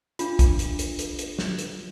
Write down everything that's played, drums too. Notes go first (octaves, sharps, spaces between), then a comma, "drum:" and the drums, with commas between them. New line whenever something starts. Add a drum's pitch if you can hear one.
D4 F4, drum: hi-hat
drum: kick, hi-hat
drum: hi-hat
drum: hi-hat
drum: hi-hat
drum: hi-hat
drum: snare
drum: hi-hat